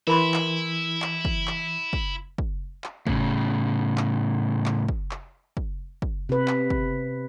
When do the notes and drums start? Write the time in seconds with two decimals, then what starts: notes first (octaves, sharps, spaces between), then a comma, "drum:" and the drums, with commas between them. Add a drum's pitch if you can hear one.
0.07 E3 E4 A#4 B5 C6
0.34 drum: clap
1.02 drum: clap
1.25 drum: kick
1.47 drum: clap
1.93 drum: kick
2.38 drum: kick
2.84 drum: clap
3.07 A2 C#3, drum: kick
3.98 drum: clap
4.66 drum: clap
4.88 drum: kick
5.11 drum: clap
5.57 drum: kick
6.02 drum: kick
6.29 C3 B4
6.48 drum: clap
6.70 drum: kick